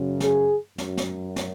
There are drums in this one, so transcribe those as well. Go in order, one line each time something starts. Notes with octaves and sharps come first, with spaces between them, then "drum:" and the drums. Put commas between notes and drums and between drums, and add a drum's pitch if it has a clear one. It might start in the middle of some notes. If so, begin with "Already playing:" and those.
Already playing: F#2 C#3
G#4, drum: snare
F#2, drum: snare
drum: snare
drum: snare